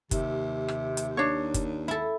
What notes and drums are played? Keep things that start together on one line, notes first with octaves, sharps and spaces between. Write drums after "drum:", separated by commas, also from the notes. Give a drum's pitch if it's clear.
D#2 C3, drum: kick F#1, hi-hat
drum: rim click
drum: hi-hat
D4 C#5
drum: kick F#1, hi-hat
E4 A4